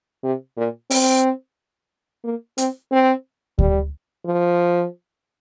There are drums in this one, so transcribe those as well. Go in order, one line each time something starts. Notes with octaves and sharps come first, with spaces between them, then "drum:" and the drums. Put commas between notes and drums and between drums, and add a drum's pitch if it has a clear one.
C3
A#2
C4, drum: open hi-hat
A#3
C4, drum: hi-hat
C4
G3, drum: kick D2
F3